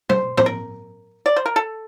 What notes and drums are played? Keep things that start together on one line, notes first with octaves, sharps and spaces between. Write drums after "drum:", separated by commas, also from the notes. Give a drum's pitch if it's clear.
C5, drum: tom
C5, drum: tom
A#4
D5
C5
A#4
A4